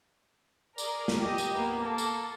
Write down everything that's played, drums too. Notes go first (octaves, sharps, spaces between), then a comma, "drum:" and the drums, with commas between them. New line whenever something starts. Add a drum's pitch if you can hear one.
G#4 A#4 D5, drum: tambourine
drum: snare
G4 D#5
drum: tambourine
A#3 B3
A#3 A4
drum: tambourine